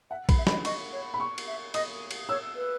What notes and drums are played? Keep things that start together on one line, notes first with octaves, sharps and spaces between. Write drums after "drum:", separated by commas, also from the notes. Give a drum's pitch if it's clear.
E5 F#5
B5, drum: kick A#1, cymbal
E5
D#5 B5, drum: snare
D#5 C#6, drum: cymbal
C#5
B5
C#6
drum: cymbal
E5
D#5 D#6, drum: cymbal
drum: cymbal
C#5 E6
B4